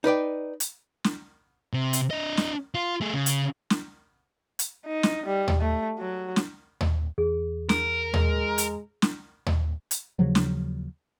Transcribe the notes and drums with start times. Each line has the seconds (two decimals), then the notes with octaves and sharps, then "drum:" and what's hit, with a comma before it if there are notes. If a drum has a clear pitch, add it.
0.04 D#4 B4 D5 G5
0.60 drum: hi-hat
1.04 drum: snare
1.73 C3
1.93 drum: hi-hat
2.10 D4 D#5
2.37 drum: snare
2.75 F4
3.01 A3 G#4
3.14 C#3
3.26 drum: hi-hat
3.70 drum: snare
4.59 drum: hi-hat
4.85 D#4
5.03 drum: snare
5.26 G3
5.48 drum: tom D#2
5.61 A3
5.98 F#3
6.36 drum: snare
6.81 drum: tom D#2
7.18 E2 G#4
7.69 A#4, drum: snare
8.14 G#3, drum: tom D#2
8.58 drum: hi-hat
9.02 drum: snare
9.46 drum: tom D#2
9.91 drum: hi-hat
10.19 D#2 C#3 F3 F#3
10.35 drum: snare